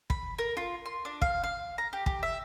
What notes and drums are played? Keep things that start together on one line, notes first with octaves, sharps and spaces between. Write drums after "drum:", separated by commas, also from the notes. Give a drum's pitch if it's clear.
B5, drum: kick
A#4
F4
C6
D4
F5, drum: kick
F5
A#5
G4
G4, drum: kick
E5